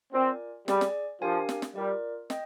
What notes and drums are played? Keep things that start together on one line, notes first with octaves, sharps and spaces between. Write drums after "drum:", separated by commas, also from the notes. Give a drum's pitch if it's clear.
C4 F4 A#4 D5 G#5
G3 G#4 D5 G#5, drum: snare
drum: snare
F3 D4 G4 A#4 F5 G#5
drum: snare
drum: snare
G3 F4 A#4 D5
D#5 G5, drum: snare